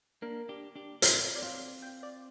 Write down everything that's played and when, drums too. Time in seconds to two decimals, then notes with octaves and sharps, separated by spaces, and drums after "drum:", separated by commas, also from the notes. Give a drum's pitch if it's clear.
0.22 A#3 D4 A#4
0.49 D4 G4
0.75 D4 G4
1.02 C4 F4 C5, drum: hi-hat
1.35 D5
1.42 C4 F4 F5
1.82 G5
2.03 D5